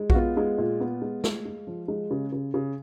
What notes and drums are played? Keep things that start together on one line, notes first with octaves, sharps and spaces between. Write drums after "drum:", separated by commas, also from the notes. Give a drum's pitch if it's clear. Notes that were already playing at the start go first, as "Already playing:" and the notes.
Already playing: G#3
F#4, drum: kick A#1
B3 F4
G#3
A#2
B3
G#3
G#3, drum: snare
G#3
F3
G#3
C#3
C#3
C#3